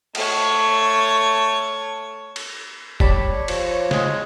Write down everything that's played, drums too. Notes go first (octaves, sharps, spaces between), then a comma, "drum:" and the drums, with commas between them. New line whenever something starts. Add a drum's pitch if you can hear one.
A3 C#5, drum: cymbal
drum: cymbal
G3 C#5 A5 B5 D6, drum: kick
F3, drum: cymbal
G#3, drum: snare